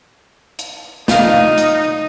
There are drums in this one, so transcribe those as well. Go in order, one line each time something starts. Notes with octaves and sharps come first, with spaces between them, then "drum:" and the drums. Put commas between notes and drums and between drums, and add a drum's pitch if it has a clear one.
drum: hi-hat
D#4 D5 F5, drum: snare
drum: hi-hat